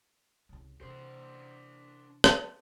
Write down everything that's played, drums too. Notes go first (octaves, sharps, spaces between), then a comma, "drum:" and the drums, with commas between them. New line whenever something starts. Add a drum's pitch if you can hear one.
C2 C#3
C3 E3 D4 C5
drum: rim click